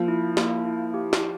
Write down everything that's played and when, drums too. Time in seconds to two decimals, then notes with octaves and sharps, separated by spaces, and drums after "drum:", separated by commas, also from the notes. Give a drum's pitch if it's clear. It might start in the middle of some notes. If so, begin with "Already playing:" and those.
Already playing: F3 A#3
0.08 E4
0.37 A#3, drum: snare
0.65 E4
0.94 G4
1.13 drum: snare
1.22 G4